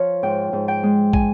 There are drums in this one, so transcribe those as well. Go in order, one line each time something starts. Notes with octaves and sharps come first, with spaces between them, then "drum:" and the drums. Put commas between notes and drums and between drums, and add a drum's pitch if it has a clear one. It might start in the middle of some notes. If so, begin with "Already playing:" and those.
Already playing: F3 C#5
G#2 G5
G#2
G5
G#3
G#5, drum: kick